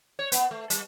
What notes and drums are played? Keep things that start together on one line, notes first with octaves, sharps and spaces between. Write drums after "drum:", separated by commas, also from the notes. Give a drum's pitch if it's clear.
C#5
B3, drum: hi-hat
A3
G3, drum: hi-hat